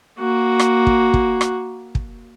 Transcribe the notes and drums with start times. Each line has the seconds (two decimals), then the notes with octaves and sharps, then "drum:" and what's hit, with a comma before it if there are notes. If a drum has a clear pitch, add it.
0.19 A#3 F#4
0.59 drum: rim click
0.87 drum: kick
1.14 drum: kick
1.41 drum: rim click
1.95 drum: kick